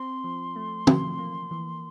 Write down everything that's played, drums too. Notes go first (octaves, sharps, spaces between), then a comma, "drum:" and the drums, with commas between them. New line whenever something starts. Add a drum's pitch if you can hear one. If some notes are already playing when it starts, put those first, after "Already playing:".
Already playing: C4 C6
F3
A3
F3, drum: tom
A#3
E3